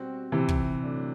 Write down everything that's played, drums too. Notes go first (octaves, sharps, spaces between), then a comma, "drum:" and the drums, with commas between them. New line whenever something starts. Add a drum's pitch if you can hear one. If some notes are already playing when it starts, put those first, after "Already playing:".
Already playing: B2 G3 C4 F#4
C3 E3
drum: kick
A2 F#3 A3 D4